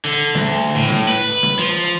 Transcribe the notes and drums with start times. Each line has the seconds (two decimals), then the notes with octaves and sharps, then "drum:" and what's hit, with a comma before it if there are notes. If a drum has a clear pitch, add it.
0.05 D3
0.35 D2, drum: snare
0.49 drum: hi-hat
0.62 drum: hi-hat
0.75 A2, drum: hi-hat
0.89 drum: snare
1.08 B4
1.29 drum: hi-hat
1.43 drum: snare
1.59 F3
1.70 drum: hi-hat
1.83 drum: hi-hat